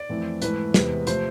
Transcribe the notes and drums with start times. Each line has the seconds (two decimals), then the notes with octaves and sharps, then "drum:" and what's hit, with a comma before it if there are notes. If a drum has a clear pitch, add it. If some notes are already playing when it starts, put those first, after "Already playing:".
Already playing: D5
0.09 F2 E3 A3 C4
0.42 G#2 E3 A3 B4, drum: hi-hat
0.74 E2 C3 G#3 B3, drum: snare
1.07 C3 F3 A3 C5, drum: hi-hat